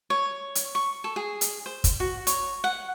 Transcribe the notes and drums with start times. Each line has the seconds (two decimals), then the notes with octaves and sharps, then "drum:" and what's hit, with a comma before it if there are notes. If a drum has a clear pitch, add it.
0.10 C#5
0.55 drum: hi-hat
0.75 C#6
1.04 A4
1.16 G#4
1.41 drum: hi-hat
1.66 C5
1.84 drum: kick, hi-hat
2.00 F#4
2.27 C#5, drum: hi-hat
2.64 F#5